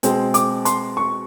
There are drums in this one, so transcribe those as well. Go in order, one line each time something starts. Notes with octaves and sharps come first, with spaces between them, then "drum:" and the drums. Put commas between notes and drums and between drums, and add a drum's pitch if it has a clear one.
B2 G#3 C4, drum: hi-hat
D6, drum: hi-hat
C6, drum: hi-hat
C#6